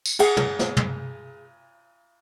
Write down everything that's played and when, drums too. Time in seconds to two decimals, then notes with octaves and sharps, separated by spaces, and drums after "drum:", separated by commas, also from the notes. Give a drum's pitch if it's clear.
0.06 drum: tambourine
0.19 G#4 F#5, drum: cymbal
0.37 drum: tom
0.59 drum: snare
0.77 drum: tom